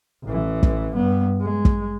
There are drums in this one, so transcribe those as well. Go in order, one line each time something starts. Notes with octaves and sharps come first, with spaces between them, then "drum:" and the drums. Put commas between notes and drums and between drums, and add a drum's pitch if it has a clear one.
A1 E3
drum: kick
G2 B3
G#3
drum: kick